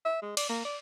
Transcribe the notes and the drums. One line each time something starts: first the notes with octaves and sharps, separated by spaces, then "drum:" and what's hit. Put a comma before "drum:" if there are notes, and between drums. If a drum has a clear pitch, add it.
E5
G#3
D5, drum: cymbal
A#3
D5